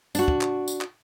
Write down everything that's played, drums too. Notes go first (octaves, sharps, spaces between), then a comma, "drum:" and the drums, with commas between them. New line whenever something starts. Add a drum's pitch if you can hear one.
D4 F#4, drum: tambourine
drum: kick
drum: clap
drum: tambourine
drum: clap